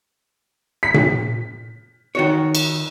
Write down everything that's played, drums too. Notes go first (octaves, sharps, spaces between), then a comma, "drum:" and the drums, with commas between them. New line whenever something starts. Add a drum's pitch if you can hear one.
B6
drum: tom A#2
D#3 F#4 C#5
drum: cymbal